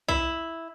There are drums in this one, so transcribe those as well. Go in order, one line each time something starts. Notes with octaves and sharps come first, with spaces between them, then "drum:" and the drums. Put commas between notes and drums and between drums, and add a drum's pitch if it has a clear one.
E4, drum: kick B1